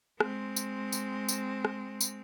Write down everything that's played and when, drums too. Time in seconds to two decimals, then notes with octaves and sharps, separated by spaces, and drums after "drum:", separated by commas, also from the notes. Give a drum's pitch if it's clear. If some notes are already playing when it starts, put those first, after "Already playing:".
0.20 G#3 C4, drum: rim click
0.56 drum: tambourine
0.93 drum: tambourine
1.29 drum: tambourine
1.65 drum: rim click
2.01 drum: tambourine